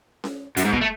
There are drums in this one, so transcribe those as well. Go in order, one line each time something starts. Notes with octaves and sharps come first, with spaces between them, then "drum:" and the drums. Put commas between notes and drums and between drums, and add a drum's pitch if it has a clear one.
drum: snare C#4
F#2, drum: hi-hat
G#2
B2, drum: kick
A3